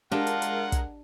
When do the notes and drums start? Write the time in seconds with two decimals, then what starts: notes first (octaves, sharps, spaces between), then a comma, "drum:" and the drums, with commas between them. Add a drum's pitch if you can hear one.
0.12 G#3 D4 F4 G4 A#4 D#5 F#5
0.27 drum: hi-hat
0.42 drum: hi-hat
0.72 drum: kick, hi-hat